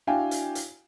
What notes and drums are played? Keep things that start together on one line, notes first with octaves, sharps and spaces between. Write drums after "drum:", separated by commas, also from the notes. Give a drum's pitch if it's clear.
D4 E4 F#4 F5 G5 G#5
drum: hi-hat
drum: hi-hat